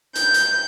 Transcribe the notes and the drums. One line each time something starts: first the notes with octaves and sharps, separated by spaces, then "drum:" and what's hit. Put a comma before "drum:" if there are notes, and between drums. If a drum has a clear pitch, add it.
G6, drum: hi-hat
drum: hi-hat